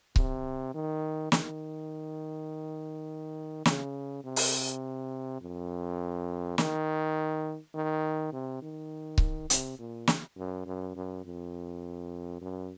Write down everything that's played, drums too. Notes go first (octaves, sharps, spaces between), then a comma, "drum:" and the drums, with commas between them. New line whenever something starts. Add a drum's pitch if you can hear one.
C3, drum: kick C#1
D#3
D#3, drum: snare
C#3, drum: snare
C3
drum: open hi-hat
F2
D#3, drum: snare
D#3
C3
D#3
drum: kick C#1
C3, drum: hi-hat
A#2
drum: snare
F#2
F#2
F#2
F2
F#2